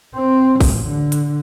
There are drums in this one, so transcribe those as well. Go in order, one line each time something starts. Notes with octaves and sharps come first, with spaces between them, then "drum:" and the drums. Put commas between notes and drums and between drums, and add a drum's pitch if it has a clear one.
C4
A1, drum: kick, open hi-hat
D3
drum: hi-hat